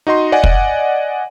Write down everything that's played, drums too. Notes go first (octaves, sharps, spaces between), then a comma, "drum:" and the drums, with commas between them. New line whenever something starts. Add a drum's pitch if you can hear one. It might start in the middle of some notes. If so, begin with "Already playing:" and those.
D#4 F#4 D#5 C6
D5 D#5 F#5 G#5
drum: kick